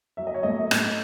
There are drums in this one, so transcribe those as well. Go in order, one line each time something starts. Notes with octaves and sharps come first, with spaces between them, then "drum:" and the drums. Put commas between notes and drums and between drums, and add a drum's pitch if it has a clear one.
F#3 E5
D#5
C#5
A2 D#5
A2, drum: rim click